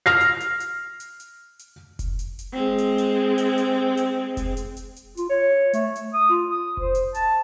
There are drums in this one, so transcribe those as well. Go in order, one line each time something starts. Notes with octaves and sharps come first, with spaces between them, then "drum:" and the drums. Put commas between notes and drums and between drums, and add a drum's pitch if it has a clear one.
F6 A#6 C7
drum: hi-hat
drum: hi-hat
drum: hi-hat
drum: hi-hat
drum: hi-hat
drum: hi-hat
drum: kick F1, hi-hat
drum: hi-hat
drum: hi-hat
G#3 C4
drum: hi-hat
drum: hi-hat
drum: hi-hat
drum: hi-hat
drum: hi-hat
drum: kick F1, hi-hat
drum: hi-hat
drum: hi-hat
drum: hi-hat
F4, drum: hi-hat
C#5
A3, drum: hi-hat
drum: hi-hat
D#6
F4
D#6
C5, drum: kick F1
drum: hi-hat
A5, drum: hi-hat